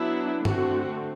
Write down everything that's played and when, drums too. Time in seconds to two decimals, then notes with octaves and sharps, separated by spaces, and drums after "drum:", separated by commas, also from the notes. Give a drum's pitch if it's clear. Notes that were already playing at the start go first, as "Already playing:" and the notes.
Already playing: F#3 B3 D4 E4
0.45 D3 A3 C4 F#4, drum: tom G2